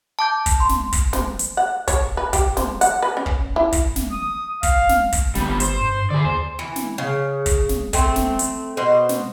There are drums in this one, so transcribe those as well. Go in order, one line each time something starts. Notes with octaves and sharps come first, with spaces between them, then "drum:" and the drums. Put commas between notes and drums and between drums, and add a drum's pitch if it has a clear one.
A5 D6 G6
drum: kick, hi-hat
C6
drum: snare
drum: kick, hi-hat
C5, drum: snare
drum: hi-hat
F#5
C#5, drum: kick, hi-hat
B4
G4, drum: kick, hi-hat
C5, drum: snare
F#5, drum: hi-hat
B4
C#4
drum: kick
E4
drum: kick, hi-hat
drum: snare
D#6
F5, drum: kick, hi-hat
drum: snare
drum: kick, hi-hat
G1 G3 B3, drum: snare
C5, drum: hi-hat
G2
D3 G#4 D5
D#2 C5
E3
drum: snare
C#3
drum: kick, hi-hat
drum: snare
A3 C4, drum: kick, hi-hat
drum: snare
drum: hi-hat
B2 C5
drum: snare